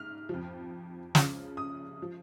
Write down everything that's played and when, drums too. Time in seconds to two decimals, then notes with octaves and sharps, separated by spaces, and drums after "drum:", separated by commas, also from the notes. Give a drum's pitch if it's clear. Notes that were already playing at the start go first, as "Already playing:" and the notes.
Already playing: G#2 F6
0.29 F2 F3
1.15 C#2 C#3 F3, drum: snare
1.57 D#6
2.02 F3